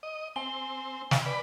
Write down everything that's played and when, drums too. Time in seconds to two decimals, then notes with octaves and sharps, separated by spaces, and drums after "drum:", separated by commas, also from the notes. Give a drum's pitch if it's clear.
0.03 D#5
0.36 C4 G#5 G7
1.11 drum: snare
1.26 B4 D5 B5